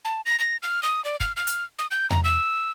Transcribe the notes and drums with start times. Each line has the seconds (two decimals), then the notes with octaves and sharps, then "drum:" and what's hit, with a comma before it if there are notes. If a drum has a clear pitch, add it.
0.05 A5
0.26 A#6
0.40 A#6
0.63 F6
0.83 D#6
1.05 D5
1.20 F6, drum: kick
1.37 F6
1.47 drum: hi-hat
1.79 D#6
1.91 G6
2.10 A#5, drum: tom E2
2.24 E6